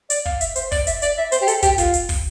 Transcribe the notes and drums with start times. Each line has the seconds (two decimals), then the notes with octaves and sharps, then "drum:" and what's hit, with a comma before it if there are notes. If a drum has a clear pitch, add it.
0.10 D5, drum: hi-hat
0.26 F5, drum: kick
0.41 E5, drum: hi-hat
0.56 C5, drum: hi-hat
0.72 D5, drum: kick, open hi-hat
0.87 E5, drum: hi-hat
1.02 D5, drum: hi-hat
1.18 E5
1.32 C5, drum: hi-hat
1.42 G4
1.48 A4, drum: hi-hat
1.63 G4, drum: kick, hi-hat
1.78 F4, drum: kick, hi-hat
1.94 drum: hi-hat
2.09 drum: kick, open hi-hat